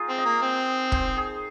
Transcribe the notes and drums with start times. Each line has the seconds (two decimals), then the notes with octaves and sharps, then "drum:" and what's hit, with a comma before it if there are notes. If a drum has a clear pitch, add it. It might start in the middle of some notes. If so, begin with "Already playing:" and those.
Already playing: D#4 F4 G#4 A#4
0.09 C4
0.18 D#5
0.26 A#3
0.42 C4
0.92 C5, drum: kick
1.17 G#4